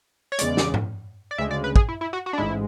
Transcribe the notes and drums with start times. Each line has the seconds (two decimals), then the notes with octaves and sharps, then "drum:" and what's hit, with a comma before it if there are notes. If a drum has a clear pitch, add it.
0.32 C#5
0.39 E2 C#3 G#3 D5, drum: hi-hat
0.57 drum: snare
0.74 drum: tom G#2
1.31 D5
1.38 D2 C#3 G#3 E5
1.51 D5
1.64 B4
1.76 G#4, drum: kick
1.89 E4
2.01 E4
2.13 F#4
2.26 F#4
2.33 D4
2.38 A1 G#2 G#3 E4